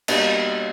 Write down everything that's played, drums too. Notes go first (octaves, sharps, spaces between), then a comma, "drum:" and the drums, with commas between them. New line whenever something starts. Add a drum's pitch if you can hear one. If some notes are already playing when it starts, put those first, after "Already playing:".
B2 G3 A#3 D4 D#5, drum: cymbal